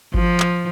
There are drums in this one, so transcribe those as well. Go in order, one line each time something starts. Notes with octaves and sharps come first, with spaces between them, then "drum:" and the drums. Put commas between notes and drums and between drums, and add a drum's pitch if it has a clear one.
F3, drum: kick G1
drum: clap